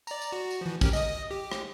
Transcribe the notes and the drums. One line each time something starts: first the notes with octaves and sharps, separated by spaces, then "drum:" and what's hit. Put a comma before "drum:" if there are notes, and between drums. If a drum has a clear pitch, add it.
D5 A#5, drum: tambourine
drum: tambourine
F#4
drum: tambourine
E3 F3
C#4 G4 A#4, drum: kick, tambourine
D#5 D#6, drum: tambourine
G4
drum: rim click